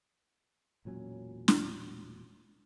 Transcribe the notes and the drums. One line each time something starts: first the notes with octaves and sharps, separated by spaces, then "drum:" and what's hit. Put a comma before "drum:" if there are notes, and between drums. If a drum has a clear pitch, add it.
E1 A#2 F#3 C#4
drum: snare